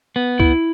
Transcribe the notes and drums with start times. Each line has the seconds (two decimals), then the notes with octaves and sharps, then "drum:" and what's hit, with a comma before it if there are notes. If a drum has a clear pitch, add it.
0.16 B3
0.40 E4, drum: kick C#2